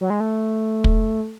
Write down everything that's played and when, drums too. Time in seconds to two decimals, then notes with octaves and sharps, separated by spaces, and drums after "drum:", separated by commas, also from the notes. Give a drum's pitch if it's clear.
0.01 F#3
0.10 G#3
0.20 A3
0.84 drum: kick